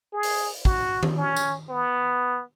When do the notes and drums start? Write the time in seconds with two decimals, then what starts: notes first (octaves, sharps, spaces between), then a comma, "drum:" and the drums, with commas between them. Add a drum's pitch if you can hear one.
0.13 G#4
0.23 drum: open hi-hat
0.65 F#4, drum: kick
1.03 drum: tom D#3
1.17 C#4
1.36 drum: tambourine
1.69 B3